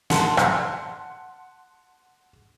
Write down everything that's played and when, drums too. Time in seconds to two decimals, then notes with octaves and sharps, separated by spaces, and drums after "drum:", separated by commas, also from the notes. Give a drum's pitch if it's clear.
0.10 F#5 A5 C6, drum: snare
0.37 drum: rim click